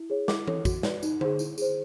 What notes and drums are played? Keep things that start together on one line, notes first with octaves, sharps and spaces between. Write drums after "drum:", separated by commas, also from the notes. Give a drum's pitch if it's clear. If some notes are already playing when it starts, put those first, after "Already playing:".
Already playing: E4
G#4 C#5
E4 D6, drum: snare
A4 C#5, drum: tom E3
F#4, drum: kick, tambourine
B4 D5, drum: snare
D#4, drum: tambourine
G#4 C5, drum: tom D3
E4, drum: tambourine
G#4 C5, drum: tambourine